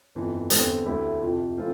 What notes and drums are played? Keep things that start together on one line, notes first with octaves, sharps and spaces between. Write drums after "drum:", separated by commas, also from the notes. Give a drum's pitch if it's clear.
G1 F2 E3
E2 D3 G3 C4 G4, drum: hi-hat
D2 D3 A3 E4 G4
F2 C3 F3
E3 A3 C4 F4